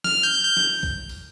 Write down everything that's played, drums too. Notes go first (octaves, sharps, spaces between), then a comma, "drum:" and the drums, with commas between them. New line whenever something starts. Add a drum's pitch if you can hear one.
F6, drum: snare
G6
G6
drum: snare
drum: kick
drum: open hi-hat